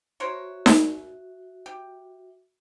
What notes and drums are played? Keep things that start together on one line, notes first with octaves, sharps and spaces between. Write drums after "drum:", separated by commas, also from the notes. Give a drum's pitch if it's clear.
F#4 A#4 C5 C#5 E5
drum: snare D#4
G4